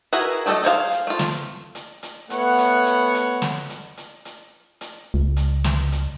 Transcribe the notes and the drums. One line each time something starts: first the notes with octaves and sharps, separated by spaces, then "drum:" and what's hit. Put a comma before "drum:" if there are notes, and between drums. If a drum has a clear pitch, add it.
E4 F#4 G#4 A#4 B4
F#3 A3 D#4 A4 D#5
G#4 C5 C#5 F5, drum: hi-hat
drum: hi-hat
A3 F4
drum: snare
drum: hi-hat
drum: hi-hat
A3 B3 C#5 F#5, drum: hi-hat
drum: hi-hat
drum: hi-hat
drum: hi-hat
drum: snare
drum: hi-hat
drum: hi-hat
drum: hi-hat
drum: hi-hat
C#2
drum: hi-hat
drum: snare
drum: hi-hat